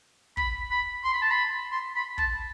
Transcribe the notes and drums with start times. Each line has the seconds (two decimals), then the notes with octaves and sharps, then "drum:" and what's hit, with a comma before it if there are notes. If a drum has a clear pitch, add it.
0.37 B5, drum: kick
0.71 B5
1.04 C6
1.13 B5
1.22 A5
1.31 B5
1.72 C6
1.96 B5
2.18 A5, drum: kick